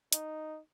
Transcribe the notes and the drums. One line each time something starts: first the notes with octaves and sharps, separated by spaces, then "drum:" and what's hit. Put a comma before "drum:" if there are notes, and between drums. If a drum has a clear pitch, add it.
D#4, drum: hi-hat